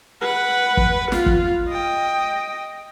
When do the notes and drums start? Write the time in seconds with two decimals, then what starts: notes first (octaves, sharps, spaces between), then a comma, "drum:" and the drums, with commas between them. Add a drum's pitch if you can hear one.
0.22 B4 F#5
0.77 drum: kick
1.12 F4, drum: snare
1.26 drum: kick
1.69 D#5 G5